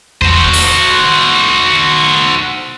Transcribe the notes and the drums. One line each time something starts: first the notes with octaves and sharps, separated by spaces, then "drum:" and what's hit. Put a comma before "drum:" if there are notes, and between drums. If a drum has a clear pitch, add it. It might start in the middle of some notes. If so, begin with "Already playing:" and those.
F#4 C5, drum: kick E2
drum: open hi-hat